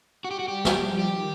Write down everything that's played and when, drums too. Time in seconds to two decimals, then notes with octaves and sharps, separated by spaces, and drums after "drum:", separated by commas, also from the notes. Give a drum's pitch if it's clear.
0.24 F#4
0.31 G3 G4
0.39 F#4
0.48 G4
0.65 F3, drum: snare
0.99 D#3 G4